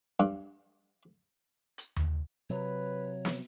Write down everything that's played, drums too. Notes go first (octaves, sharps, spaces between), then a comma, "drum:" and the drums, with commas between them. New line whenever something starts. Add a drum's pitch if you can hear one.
G2
drum: hi-hat
drum: tom D#2
C3 F#3 B4 C#5
drum: snare